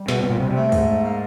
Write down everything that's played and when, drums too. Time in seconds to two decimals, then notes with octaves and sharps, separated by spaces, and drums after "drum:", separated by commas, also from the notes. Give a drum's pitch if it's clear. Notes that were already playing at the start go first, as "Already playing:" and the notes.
Already playing: G3
0.08 B2, drum: snare
0.24 B2
0.30 A#2
0.40 C3 G3
0.51 C3
0.56 A3
0.72 G#2, drum: kick, open hi-hat
1.04 A#3